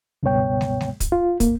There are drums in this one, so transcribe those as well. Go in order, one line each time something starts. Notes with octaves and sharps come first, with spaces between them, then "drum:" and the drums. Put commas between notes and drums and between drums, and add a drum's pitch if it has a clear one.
C#2 G2 B2 B3 C#5 G5
drum: snare
drum: snare
drum: kick, hi-hat
F4
A#3, drum: kick, hi-hat